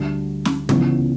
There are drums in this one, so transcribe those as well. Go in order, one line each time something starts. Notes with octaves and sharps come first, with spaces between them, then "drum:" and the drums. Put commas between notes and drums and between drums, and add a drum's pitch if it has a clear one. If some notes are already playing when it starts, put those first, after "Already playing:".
Already playing: D2 D3 G3 D4
drum: snare
C#2 C#3 E3 B3, drum: tom